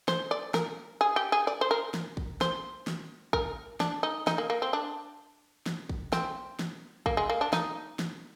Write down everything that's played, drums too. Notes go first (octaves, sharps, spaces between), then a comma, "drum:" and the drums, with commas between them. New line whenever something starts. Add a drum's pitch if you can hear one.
C5, drum: snare
D5
A#4, drum: snare
G#4
G4
G#4
D5
C5
A#4
drum: snare
drum: kick
C5, drum: snare
drum: snare
A#4, drum: kick
D4, drum: snare
D#4
D#4, drum: snare
A#3
A#3
C4
D4
drum: snare
drum: kick
C4, drum: snare
drum: snare
A#3, drum: kick
G#3
A#3
D4
D#4, drum: snare
drum: snare